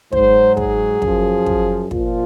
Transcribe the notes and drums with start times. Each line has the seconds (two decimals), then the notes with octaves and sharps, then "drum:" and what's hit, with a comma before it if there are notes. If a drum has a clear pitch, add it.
0.13 G#2 F#3 C5, drum: kick
0.57 G#4, drum: kick
1.02 F#2 F3, drum: kick
1.46 drum: kick
1.91 A#2 F3 F4, drum: kick